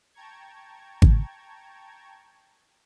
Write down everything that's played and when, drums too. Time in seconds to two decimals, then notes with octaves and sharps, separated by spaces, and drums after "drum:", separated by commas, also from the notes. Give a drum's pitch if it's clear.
0.14 G5 A5 A#5 C#6 G#6
1.02 drum: kick G#1